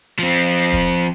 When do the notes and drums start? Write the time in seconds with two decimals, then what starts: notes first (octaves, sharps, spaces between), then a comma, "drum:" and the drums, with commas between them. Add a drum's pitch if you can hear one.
0.19 F3 C4
0.73 drum: kick